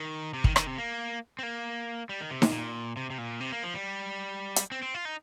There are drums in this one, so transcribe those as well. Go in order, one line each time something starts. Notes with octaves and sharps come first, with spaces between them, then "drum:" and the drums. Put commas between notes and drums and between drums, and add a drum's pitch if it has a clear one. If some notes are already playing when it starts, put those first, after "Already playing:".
Already playing: D#3
C3
D#3, drum: kick
D#3, drum: rim click
C3
A#3
C4
A#3
G3
D#3
C3
A#2, drum: snare D#4
A#2
C3
C3
A#2
C3
A#3
F3
G3
drum: hi-hat
C4
C4
F4
D#4